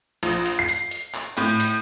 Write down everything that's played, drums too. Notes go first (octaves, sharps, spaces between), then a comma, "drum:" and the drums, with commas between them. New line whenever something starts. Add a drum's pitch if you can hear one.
A#1, drum: hi-hat
drum: hi-hat
C7
drum: hi-hat
drum: hi-hat
drum: clap
A2, drum: clap
drum: hi-hat